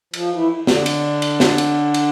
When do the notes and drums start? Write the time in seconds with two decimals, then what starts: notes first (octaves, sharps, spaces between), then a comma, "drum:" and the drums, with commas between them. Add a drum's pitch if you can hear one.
0.14 F3, drum: cymbal
0.31 E3
0.67 D3, drum: snare
0.86 drum: cymbal
1.22 drum: cymbal
1.40 drum: snare
1.58 drum: cymbal
1.94 drum: cymbal